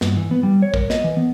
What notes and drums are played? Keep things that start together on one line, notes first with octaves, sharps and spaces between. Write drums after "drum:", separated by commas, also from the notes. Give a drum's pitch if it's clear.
G2, drum: snare
E3
B3
G3
C#5
A#4, drum: kick
D#5, drum: snare
E3
B3